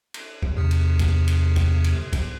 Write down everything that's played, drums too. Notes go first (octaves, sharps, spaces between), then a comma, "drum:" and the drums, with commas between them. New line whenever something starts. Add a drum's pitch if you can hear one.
drum: cymbal
drum: kick
E2 C3
drum: cymbal
drum: kick, cymbal
drum: cymbal
drum: kick, cymbal
drum: cymbal
drum: kick, cymbal